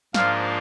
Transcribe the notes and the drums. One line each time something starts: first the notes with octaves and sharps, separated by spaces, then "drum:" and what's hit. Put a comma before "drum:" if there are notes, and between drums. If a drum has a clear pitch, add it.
G#2 F3 A#3 D4 F4 F5, drum: snare